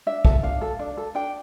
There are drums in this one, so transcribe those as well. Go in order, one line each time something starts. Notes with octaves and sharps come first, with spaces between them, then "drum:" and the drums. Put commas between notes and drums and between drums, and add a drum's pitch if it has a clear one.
D4 E5
A4, drum: kick
D4 F5
A4
D4
A4
D4 G5